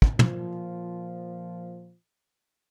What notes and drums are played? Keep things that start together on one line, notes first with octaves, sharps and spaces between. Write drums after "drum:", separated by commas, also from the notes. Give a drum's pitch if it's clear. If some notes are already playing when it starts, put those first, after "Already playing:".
drum: kick
A#2 F3, drum: tom